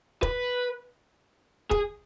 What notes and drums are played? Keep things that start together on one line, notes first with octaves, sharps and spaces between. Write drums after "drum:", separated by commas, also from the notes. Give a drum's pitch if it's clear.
B4, drum: kick E1
G#4, drum: kick E1